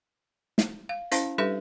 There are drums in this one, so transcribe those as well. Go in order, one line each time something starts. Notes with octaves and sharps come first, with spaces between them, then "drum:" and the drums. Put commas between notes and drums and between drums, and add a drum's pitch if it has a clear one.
drum: snare
F5
C#4 E4 C5 F5 A5, drum: hi-hat
G3 D4 G4 A4 B4 E5